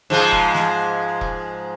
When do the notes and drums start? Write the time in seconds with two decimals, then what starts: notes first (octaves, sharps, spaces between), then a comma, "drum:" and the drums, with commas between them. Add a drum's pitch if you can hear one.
0.10 G#2 F3 G#3
0.32 drum: kick E1
0.55 drum: snare
1.21 drum: kick E1